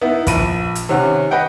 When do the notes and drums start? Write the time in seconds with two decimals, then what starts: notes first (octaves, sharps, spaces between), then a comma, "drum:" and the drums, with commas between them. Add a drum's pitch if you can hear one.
0.01 B3 D#4 E4
0.27 A#1 B5 D#7, drum: kick, hi-hat
0.75 drum: hi-hat
0.89 C3 D#3 C#4 F#5
1.31 B4 D#5 F#5 G5